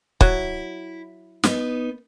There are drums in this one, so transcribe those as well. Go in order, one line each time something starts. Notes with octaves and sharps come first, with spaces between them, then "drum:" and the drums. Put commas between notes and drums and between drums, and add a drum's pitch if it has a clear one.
F#3 E4, drum: kick
B3 D#4, drum: snare